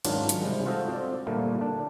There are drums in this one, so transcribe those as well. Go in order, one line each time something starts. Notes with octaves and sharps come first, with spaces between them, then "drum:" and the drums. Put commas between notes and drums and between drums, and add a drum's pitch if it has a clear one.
G#2 D#3 F#3 C#4 D4 F4, drum: cymbal
drum: hi-hat
C3 G3 G#3
F4 F#4 A4 C5 D#5
C4 D5
A#2 D3 G3 A3 A#3
D4